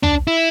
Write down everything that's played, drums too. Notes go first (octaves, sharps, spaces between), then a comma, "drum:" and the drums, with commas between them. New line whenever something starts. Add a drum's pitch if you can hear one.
D4, drum: tom
E4